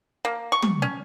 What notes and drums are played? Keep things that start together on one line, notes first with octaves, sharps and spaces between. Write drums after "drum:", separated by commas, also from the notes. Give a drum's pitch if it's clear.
A#3
C#6
drum: tom
C#4